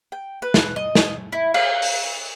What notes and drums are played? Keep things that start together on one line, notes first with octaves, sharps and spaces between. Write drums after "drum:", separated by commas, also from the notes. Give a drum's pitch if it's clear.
G5
B4
drum: snare
D#5
drum: snare
E4
F5, drum: cymbal
drum: open hi-hat